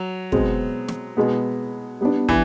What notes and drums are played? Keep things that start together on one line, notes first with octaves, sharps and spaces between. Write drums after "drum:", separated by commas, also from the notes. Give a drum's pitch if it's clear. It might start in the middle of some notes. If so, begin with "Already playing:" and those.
Already playing: F#3
B2 G#3 C4, drum: kick
drum: snare
B2 G#3 B3
G3 B3 D4
E3, drum: kick